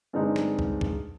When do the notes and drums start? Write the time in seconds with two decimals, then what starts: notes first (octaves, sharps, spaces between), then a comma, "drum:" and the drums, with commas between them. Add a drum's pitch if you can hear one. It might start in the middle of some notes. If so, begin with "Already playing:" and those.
0.13 G2 D3 G#3 C4 D#4
0.36 drum: snare
0.59 drum: kick
0.81 drum: kick